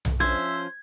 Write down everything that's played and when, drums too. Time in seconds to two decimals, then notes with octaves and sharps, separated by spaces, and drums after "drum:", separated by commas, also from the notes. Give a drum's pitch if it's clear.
0.05 drum: tom B1
0.20 F3 C#4 C5 E5 G#6, drum: snare D4